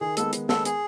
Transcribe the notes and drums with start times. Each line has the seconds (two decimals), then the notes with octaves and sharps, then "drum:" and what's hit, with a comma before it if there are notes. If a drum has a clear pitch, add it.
0.01 D#3 G#4
0.17 G#3 B3 A4, drum: hi-hat
0.33 D#3, drum: hi-hat
0.49 G#3 B3 A4, drum: snare
0.65 G#4, drum: hi-hat